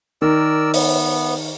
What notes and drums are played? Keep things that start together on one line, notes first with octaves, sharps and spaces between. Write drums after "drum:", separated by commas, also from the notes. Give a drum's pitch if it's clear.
D#3 A#4 D5 E6
B3, drum: open hi-hat